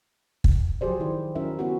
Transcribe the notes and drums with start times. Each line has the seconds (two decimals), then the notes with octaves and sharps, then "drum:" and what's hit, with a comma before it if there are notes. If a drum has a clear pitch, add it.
0.44 drum: kick
0.81 F3 F#3 G4 G#4 C5 D5
1.00 D#3 E4
1.35 F#3 C#4 E4 A#4 E5
1.58 B3 C#4 E4 F#4 G4